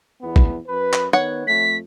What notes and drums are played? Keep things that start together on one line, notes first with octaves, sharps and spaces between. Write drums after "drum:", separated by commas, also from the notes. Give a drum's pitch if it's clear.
E2 B3
drum: kick
F#2 B4
drum: clap
D#3 B3 C#5 F#5
F2 A3 B6